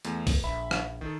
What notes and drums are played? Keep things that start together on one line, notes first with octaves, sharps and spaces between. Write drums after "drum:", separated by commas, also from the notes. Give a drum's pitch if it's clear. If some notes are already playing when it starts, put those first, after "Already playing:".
E2 A3, drum: hi-hat
drum: kick, open hi-hat
A#1 E5 B5
drum: rim click
D#3 A4